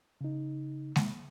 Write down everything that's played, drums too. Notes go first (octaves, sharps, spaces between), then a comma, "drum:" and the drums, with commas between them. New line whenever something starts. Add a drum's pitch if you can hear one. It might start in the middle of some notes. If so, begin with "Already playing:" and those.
C#3 D#4
drum: snare G#3